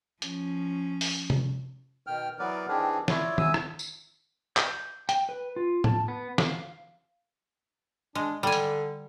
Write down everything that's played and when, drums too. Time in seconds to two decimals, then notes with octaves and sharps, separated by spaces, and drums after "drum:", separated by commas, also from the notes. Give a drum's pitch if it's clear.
0.22 F3 C#4, drum: hi-hat
1.01 drum: open hi-hat
1.30 drum: tom C3
2.07 B2 D#3 G5 F6
2.39 E3 F#3 B3 A#4 B4 D5
2.68 D#3 E3 C4 D4 G4 G#4
3.08 E4 F4 C#5 D5 E5, drum: snare
3.38 G#2 F#3 E5 G#5 D#6 E6, drum: tom D#3
3.54 drum: rim click
3.79 drum: tambourine
4.57 G6, drum: clap
5.09 G5, drum: hi-hat
5.29 B4
5.56 F4
5.84 A5, drum: tom A2
6.08 B3
6.38 F5, drum: snare
8.15 G#3 D4
8.43 D3 G3 G#5
8.52 drum: hi-hat